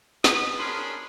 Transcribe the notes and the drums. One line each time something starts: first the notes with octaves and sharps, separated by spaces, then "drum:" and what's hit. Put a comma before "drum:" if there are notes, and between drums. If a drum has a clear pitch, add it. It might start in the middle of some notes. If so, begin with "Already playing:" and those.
B4 D#6, drum: snare
C#4 D4 G#4 A#4 B5 C6